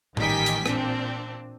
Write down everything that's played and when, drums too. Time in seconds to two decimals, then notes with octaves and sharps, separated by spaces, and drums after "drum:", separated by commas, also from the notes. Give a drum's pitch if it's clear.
0.17 A1 D#3 G3 G5 G#5 B6, drum: tom A2
0.46 drum: hi-hat
0.66 A#2 C4 D4, drum: rim click